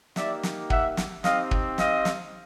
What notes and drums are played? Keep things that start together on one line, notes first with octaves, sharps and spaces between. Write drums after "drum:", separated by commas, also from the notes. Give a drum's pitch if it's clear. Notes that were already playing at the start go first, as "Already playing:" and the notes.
A#3 D#4 G4 D5 E5, drum: snare
drum: snare
E5 F#5, drum: kick
drum: snare
C4 D#4 G4 D#5 F5, drum: snare
drum: kick
D#5 F5, drum: snare
drum: snare